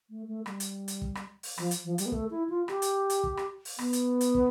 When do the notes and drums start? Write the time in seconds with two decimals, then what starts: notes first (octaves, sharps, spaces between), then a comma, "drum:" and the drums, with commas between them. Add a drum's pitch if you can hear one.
0.10 A3
0.27 A3
0.46 G3, drum: rim click
0.60 drum: hi-hat
0.88 drum: hi-hat
1.02 drum: kick
1.15 drum: rim click
1.43 drum: open hi-hat
1.58 F3, drum: rim click
1.71 drum: hi-hat
1.85 F3
1.98 G3, drum: hi-hat
2.06 B3
2.12 A3, drum: kick
2.31 E4
2.50 F4
2.68 G4, drum: rim click
2.82 drum: hi-hat
3.10 drum: hi-hat
3.23 drum: kick
3.37 drum: rim click
3.65 drum: open hi-hat
3.79 B3, drum: rim click
3.93 drum: hi-hat
4.21 drum: hi-hat
4.34 drum: kick